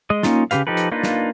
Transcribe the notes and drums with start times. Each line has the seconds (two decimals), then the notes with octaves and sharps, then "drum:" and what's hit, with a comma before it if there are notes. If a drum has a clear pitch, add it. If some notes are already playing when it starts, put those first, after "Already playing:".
0.10 G#3 D#5
0.23 A#3 C#4 D#4 F4, drum: snare
0.51 C#3 G3 G4 B4 F5, drum: hi-hat
0.67 F3 D#4 G4 A4 B4
0.77 drum: hi-hat
0.92 A#3 D4 D#4 F4 B4
1.04 drum: snare